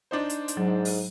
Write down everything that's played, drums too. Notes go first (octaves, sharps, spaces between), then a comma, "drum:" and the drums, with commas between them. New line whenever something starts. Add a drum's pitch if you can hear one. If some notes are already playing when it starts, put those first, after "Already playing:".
D4 D#4 C5
drum: hi-hat
drum: hi-hat
G#2 F#3
drum: open hi-hat